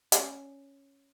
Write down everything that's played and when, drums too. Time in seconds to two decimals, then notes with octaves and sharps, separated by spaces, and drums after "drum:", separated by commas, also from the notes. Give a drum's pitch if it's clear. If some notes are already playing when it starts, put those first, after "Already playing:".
0.12 C#4 D5, drum: hi-hat